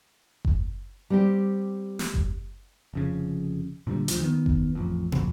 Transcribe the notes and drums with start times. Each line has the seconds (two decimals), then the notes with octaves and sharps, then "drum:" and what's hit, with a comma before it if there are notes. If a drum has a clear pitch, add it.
0.45 drum: kick F#1
1.10 G3 C4 G4
1.99 drum: snare
2.14 drum: kick F#1
2.94 F1 F2 C#3
3.87 A#2 D3 D#3 G3
4.08 D2 D#3 F3, drum: hi-hat
4.20 D#3 B3
4.46 drum: kick F#1
4.75 A1 F2
5.12 F1 A#1, drum: tom